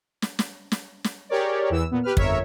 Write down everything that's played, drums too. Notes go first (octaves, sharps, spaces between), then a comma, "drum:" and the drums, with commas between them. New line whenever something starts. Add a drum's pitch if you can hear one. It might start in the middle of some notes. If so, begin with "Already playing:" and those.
drum: snare
drum: snare
drum: snare
drum: snare
G4 G#4 A#4 C#5 D5
E2 E3 E6
A#2 B3
G4 B4 F6
G1 F2 A#4 C#5 E5, drum: kick